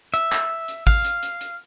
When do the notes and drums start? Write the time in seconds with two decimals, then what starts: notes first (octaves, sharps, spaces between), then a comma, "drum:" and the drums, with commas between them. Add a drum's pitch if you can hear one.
0.14 E5, drum: hi-hat
0.32 drum: clap
0.68 drum: hi-hat
0.87 F5, drum: kick, open hi-hat
1.05 drum: hi-hat
1.23 drum: hi-hat
1.41 drum: hi-hat